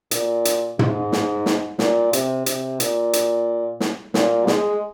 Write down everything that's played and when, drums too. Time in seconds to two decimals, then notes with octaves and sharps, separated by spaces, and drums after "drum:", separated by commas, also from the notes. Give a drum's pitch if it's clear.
0.11 A#2, drum: hi-hat
0.45 drum: hi-hat
0.79 G#2, drum: tom
1.12 drum: snare
1.46 drum: snare
1.79 A#2, drum: snare
2.13 C3, drum: hi-hat
2.46 C3, drum: hi-hat
2.80 A#2, drum: hi-hat
3.13 drum: hi-hat
3.80 drum: snare
4.14 A#2, drum: snare
4.47 G#3, drum: snare